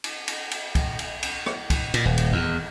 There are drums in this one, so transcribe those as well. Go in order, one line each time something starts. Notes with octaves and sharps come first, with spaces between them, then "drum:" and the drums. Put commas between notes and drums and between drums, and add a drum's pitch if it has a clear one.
drum: cymbal
drum: cymbal
drum: cymbal
drum: kick, cymbal
drum: cymbal
drum: cymbal
drum: rim click
drum: kick, cymbal
A#2, drum: cymbal
D#1
drum: cymbal
E2